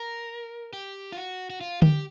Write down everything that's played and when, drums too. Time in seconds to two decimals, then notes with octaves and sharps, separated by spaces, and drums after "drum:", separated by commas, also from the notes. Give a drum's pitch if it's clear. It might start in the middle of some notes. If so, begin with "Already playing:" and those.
Already playing: A#4
0.73 G4
1.12 F4
1.16 F#4
1.50 F#4
1.61 F4
1.82 G4, drum: tom D3